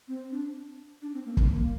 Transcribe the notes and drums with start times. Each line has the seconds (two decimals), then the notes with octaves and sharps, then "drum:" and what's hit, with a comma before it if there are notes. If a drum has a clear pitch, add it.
0.08 C4
0.31 D4
1.02 D4
1.14 C4
1.25 A#3
1.37 A#3, drum: kick
1.49 A#3